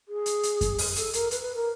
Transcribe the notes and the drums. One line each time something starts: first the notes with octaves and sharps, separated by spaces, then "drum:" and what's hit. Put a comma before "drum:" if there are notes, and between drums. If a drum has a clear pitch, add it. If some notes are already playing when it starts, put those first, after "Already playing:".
G#4
drum: hi-hat
drum: hi-hat
drum: kick F#2, hi-hat
drum: open hi-hat
A4, drum: hi-hat
A#4, drum: hi-hat
B4, drum: hi-hat
B4
A#4